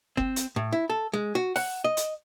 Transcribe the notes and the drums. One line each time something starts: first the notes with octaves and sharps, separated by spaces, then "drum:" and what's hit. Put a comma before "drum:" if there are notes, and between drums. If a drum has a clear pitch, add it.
C4, drum: kick F#1
drum: hi-hat
A2
E4
A4
G#3
F#4
F#5, drum: open hi-hat
D#5
drum: hi-hat